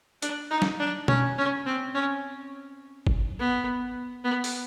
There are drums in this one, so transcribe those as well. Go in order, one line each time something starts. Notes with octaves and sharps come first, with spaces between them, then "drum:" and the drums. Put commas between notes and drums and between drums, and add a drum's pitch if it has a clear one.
D4, drum: hi-hat
D#4
drum: snare
D4
C#4, drum: tom B2
C#4
C4
C#4
drum: kick G1
B3
B3
drum: open hi-hat